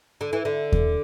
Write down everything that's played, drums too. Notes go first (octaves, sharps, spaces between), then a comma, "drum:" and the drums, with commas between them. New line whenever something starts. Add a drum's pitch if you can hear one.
D3
E3
D3
drum: kick D#2